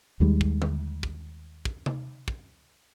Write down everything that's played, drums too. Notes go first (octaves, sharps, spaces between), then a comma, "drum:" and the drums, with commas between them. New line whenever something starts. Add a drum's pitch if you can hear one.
D#2 D#3 G3 G#3
drum: kick
drum: tom D3
drum: kick
drum: kick
drum: tom C3
drum: kick